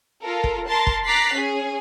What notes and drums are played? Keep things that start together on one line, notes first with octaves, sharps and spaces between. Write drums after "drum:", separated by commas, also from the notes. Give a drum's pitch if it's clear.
F4 A4 A#4
drum: kick
A#4 A5 C6 A6 A#6
drum: kick
A#5 D6 F#6 A6 B6 C7
C#4 G#4